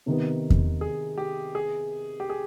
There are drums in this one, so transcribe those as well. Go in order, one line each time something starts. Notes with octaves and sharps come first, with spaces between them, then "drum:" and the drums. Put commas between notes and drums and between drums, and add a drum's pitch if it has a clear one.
C3 D#3 B3
drum: kick E2
G#4
G4
G#4
G4
G#4